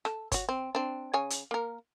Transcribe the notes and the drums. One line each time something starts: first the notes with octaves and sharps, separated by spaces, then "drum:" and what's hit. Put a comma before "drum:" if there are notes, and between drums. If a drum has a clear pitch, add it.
A4, drum: rim click
F#4 C#5, drum: kick G1, hi-hat
C4
C4 D4
C#3 C#5 G#5
drum: hi-hat
A#3 A#4